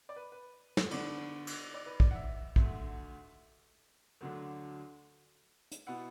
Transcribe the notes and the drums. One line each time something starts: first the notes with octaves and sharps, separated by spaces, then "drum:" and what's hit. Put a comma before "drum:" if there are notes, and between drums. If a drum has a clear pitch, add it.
D5
B4
B4
drum: snare
D3 B3 D4 D5, drum: cymbal
drum: cymbal
D5
B4
D5, drum: kick
F#5
E5
D2 D3 A3 E5, drum: kick
D2 D3 F#3 A3 D4
drum: hi-hat
B2 B3 E4 F#5